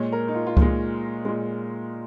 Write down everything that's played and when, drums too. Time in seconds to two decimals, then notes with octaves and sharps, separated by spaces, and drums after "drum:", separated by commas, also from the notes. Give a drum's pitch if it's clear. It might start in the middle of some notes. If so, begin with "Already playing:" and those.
Already playing: A#2 G#3 C#5
0.12 A#4
0.28 D#4
0.35 F4
0.47 F4
0.57 A#2 G#3 D#4, drum: kick C#2
1.25 A#2 G#3